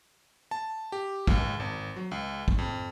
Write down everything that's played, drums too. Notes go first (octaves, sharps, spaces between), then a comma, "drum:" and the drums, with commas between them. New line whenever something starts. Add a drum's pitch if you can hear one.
A5
G4
C#2, drum: kick
G#1
F#3
C#2
drum: kick
F2